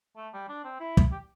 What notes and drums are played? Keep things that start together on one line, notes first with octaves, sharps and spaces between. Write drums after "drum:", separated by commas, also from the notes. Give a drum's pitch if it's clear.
A3
G3
D4
C4
E4
drum: kick
G4